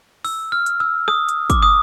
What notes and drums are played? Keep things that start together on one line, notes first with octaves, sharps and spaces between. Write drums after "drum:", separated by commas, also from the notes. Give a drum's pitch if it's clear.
E6, drum: open hi-hat
F6
drum: hi-hat
E6
D#6, drum: rim click
drum: hi-hat
D6, drum: kick, hi-hat
D#6